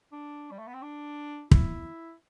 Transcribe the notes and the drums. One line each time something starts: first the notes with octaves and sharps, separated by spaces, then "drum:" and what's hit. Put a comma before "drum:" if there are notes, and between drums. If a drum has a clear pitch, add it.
D4
G3
A3
B3
C4
D4
E4, drum: kick